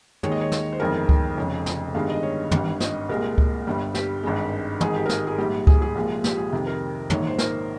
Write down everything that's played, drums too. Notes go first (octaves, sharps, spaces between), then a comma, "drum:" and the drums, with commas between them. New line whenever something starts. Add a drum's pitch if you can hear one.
D#2 D#3 G#3 C#5, drum: tom
D#5
C#5
drum: snare
C5
G1 F2 D#3 G#3 A#4
drum: kick C#2
F1 F2 C#3 C#5
drum: snare
G1 G2 D#3 G#3 F5
D#5
C#5
G#1 G2 G3, drum: tom
D#5, drum: snare
C2 A#2 G#3 A#4
drum: kick C#2
G1 G2 G3
G4, drum: snare
G#1 G2 D#3 G#3
G#1 G#2 D#3 G#4, drum: tom
G4
A#4
G#4, drum: snare
G#4
A#1 G#2 G3 G4
G#4, drum: kick C#2
G#4
C2 A#2 F3 G#3
G4, drum: snare
G#4
F2 C3 D#3
A#4
A#1 G#2 D#3 C#5, drum: tom
C5
A#4, drum: snare